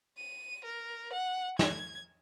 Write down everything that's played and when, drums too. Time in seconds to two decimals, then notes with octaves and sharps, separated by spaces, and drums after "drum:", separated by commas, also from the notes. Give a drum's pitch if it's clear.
0.18 D#7
0.65 A#4
1.13 F#5
1.59 G#6, drum: snare